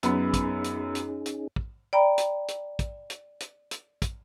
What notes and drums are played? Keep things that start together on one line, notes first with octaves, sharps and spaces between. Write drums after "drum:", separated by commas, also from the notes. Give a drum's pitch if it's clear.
F#2 B3 C#4 D#4 G#4 B5, drum: hi-hat
drum: kick, hi-hat
drum: hi-hat
drum: hi-hat
drum: hi-hat
drum: kick
D5 G5 A#5 B5
drum: hi-hat
drum: hi-hat
drum: kick, hi-hat
drum: hi-hat
drum: hi-hat
drum: hi-hat
drum: kick, hi-hat